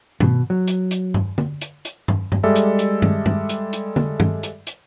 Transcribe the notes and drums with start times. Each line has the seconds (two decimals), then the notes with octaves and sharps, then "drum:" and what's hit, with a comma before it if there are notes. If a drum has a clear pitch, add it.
0.20 B2, drum: tom
0.50 F#3
0.67 drum: hi-hat
0.91 drum: hi-hat
1.14 drum: tom G2
1.38 drum: tom
1.61 drum: hi-hat
1.85 drum: hi-hat
2.08 drum: tom G2
2.32 drum: tom G2
2.43 G3 G#3 A4 D5 E5
2.55 drum: hi-hat
2.79 drum: hi-hat
3.02 drum: tom
3.26 drum: tom
3.49 drum: hi-hat
3.73 drum: hi-hat
3.96 drum: tom
4.20 drum: tom
4.43 drum: hi-hat
4.67 drum: hi-hat